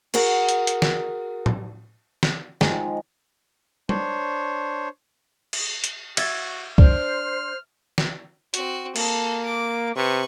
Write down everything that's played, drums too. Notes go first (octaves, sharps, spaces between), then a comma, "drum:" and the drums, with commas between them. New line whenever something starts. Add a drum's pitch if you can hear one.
F#4 G#4 A#4 F#5, drum: cymbal
drum: hi-hat
drum: hi-hat
drum: snare
drum: tom A2
drum: snare
G#2 D#3 F3 G#3, drum: snare
D4 C5 C#5, drum: tom
drum: cymbal
drum: hi-hat
F#4 E5 G#6 A6, drum: cymbal
D4 C5 F6, drum: kick C2
drum: snare
C4 F#4, drum: hi-hat
A#3 A4, drum: cymbal
D6
C3 B4 C#6